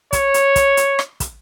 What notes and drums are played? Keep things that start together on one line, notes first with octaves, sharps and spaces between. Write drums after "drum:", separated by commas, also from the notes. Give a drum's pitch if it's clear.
C#5, drum: kick, hi-hat
drum: hi-hat
drum: kick, hi-hat
drum: hi-hat
drum: rim click
drum: kick, hi-hat